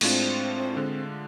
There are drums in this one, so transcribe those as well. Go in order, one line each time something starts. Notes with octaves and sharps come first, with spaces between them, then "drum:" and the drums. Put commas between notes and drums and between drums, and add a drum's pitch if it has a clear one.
A2 G#3 C4 D4 F4, drum: cymbal
D3 G#3 D4 F4